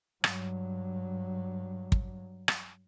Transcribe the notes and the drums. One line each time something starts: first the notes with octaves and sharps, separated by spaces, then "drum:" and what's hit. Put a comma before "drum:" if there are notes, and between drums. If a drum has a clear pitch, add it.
G2 F#3, drum: rim click
drum: kick
drum: rim click